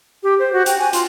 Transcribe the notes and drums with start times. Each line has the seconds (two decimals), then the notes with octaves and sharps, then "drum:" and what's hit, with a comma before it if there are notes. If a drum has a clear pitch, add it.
0.23 G4
0.39 C5
0.53 F#4
0.66 G5, drum: hi-hat
0.79 G#5
0.93 F4, drum: hi-hat